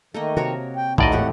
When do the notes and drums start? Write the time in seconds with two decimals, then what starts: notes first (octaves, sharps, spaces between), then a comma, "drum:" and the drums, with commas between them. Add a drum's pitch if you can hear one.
0.14 D#3 A3 A#3 D#5
0.37 C3 F#4 A#4 C#5
0.76 G5
0.98 G#1 D#2 A2 G#3 D#4 F#4 D5 D#5, drum: kick A#1
1.12 F2 E3 A3 G4 F#5